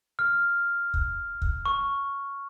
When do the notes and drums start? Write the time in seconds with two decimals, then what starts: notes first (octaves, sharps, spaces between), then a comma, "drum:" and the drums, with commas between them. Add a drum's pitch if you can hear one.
0.19 F6
0.94 drum: kick
1.42 drum: kick
1.66 C#6